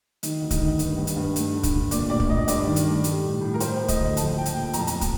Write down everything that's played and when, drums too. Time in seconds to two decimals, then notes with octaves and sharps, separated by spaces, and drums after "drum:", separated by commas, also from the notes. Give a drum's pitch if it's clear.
0.23 D#3 D#4, drum: hi-hat
0.41 D2
0.51 D#4, drum: kick, hi-hat
0.60 D#3
0.79 G2, drum: hi-hat
0.98 G2
1.07 drum: hi-hat
1.17 G2
1.36 A3, drum: hi-hat
1.54 D3
1.63 drum: kick, hi-hat
1.73 D3
1.91 A#2 D5, drum: hi-hat
2.10 A#2 D5
2.20 drum: kick
2.29 A#2 D#5
2.48 G2 D5, drum: hi-hat
2.66 D#3
2.76 drum: hi-hat
2.85 A3
3.04 G3, drum: hi-hat
3.23 A2
3.41 A2
3.54 A#4
3.60 A3 C5, drum: hi-hat
3.79 A3
3.88 D#5, drum: kick, hi-hat
3.98 D2
4.17 F3 A5, drum: hi-hat
4.36 A3 G5
4.46 A5, drum: hi-hat
4.55 A#2
4.73 F2 A#5, drum: hi-hat
4.80 A5
4.87 A#5, drum: hi-hat
4.92 F2
5.01 drum: kick, hi-hat